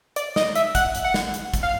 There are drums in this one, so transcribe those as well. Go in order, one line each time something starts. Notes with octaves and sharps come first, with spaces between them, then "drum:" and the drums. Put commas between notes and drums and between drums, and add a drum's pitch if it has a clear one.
D5, drum: hi-hat
D#5, drum: snare
E5, drum: hi-hat
F#5, drum: kick A1, hi-hat
drum: hi-hat
F#5
drum: snare
drum: hi-hat
drum: kick A1, hi-hat
F5